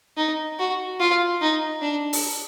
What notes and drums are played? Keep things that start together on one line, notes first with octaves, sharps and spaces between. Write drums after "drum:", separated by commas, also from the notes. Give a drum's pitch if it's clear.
D#4
F#4
F4
D#4
D4
drum: open hi-hat